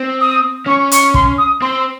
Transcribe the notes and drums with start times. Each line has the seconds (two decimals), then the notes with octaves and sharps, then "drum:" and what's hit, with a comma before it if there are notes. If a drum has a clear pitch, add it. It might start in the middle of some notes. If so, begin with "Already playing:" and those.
Already playing: C4
0.21 D#6
0.67 C#4 C#6
0.92 C#6, drum: hi-hat
1.14 C6, drum: kick
1.38 D#6
1.62 C4 C6